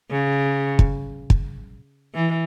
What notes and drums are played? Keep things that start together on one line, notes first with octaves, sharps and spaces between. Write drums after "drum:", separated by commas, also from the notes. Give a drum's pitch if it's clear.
C#3
drum: kick
drum: kick
E3